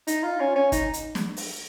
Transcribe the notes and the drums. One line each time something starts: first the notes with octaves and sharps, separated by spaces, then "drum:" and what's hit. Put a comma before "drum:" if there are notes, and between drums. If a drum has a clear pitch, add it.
D#4, drum: hi-hat
F4
C#4
C#4
D#4, drum: kick, hi-hat
drum: hi-hat
drum: snare
drum: open hi-hat